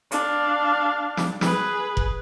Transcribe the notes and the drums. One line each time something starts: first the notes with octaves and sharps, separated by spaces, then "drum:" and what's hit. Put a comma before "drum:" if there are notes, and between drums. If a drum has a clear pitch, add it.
D4 F5, drum: hi-hat
drum: snare
G#4 B4, drum: snare
drum: kick F1